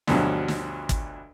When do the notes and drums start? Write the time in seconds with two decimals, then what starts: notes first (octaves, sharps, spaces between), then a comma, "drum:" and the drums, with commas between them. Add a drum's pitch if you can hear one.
0.07 D2 G2 B2 F3 F#3, drum: snare
0.48 drum: snare
0.89 drum: kick, hi-hat